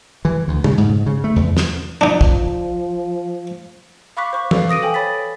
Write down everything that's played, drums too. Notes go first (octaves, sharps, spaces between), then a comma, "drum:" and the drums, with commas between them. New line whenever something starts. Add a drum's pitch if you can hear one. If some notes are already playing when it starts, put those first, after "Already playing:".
E3
D2
C#3, drum: tom B2
G#2
C#3
A3
E2
drum: snare
F3 D4 D#4
drum: kick
F5 B5 C#6 D6 F#6 B6
C5 C#6
A4 B4 D5 F5, drum: tom E3
D6 D#6 A#6 D7 D#7
A4 C5 G5 G#5
A4 C#5 B5 A6 B6